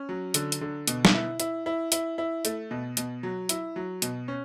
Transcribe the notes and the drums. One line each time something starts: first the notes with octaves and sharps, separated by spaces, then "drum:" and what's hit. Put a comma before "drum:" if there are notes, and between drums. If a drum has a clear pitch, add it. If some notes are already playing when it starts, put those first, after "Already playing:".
Already playing: C#4
F#3
D3, drum: hi-hat
drum: hi-hat
D3
B2, drum: hi-hat
drum: snare
E4
E4, drum: hi-hat
E4
E4, drum: hi-hat
E4
A3, drum: hi-hat
B2
B2, drum: hi-hat
F#3
E4, drum: hi-hat
F#3
B2, drum: hi-hat
C#4